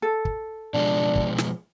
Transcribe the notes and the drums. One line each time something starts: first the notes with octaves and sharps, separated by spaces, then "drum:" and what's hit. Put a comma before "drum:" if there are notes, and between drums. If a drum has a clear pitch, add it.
A4
drum: kick
B2 F3 G#3 D4
drum: kick
drum: snare